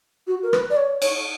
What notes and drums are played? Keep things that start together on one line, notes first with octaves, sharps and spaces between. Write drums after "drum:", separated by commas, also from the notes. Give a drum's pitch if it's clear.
F#4
A#4
B4, drum: rim click
D5
C#5
C#5, drum: cymbal